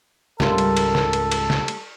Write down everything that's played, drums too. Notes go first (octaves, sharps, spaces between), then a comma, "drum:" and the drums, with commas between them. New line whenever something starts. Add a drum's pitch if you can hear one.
C#2 G#2 G3 F4 A4 A#4, drum: snare
drum: cymbal
drum: cymbal
drum: snare
drum: cymbal
drum: cymbal
drum: snare
drum: cymbal